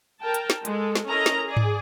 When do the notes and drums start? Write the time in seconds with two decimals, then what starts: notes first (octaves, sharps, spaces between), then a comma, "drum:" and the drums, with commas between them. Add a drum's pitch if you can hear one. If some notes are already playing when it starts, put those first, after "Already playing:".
0.21 A#4 G5 A5
0.34 drum: hi-hat
0.50 drum: snare
0.65 G#3 A4, drum: hi-hat
0.95 drum: snare
1.06 C#4 E4 A4 A#4 D#5 A#5
1.26 drum: snare
1.45 G#4 D5
1.57 drum: tom G#2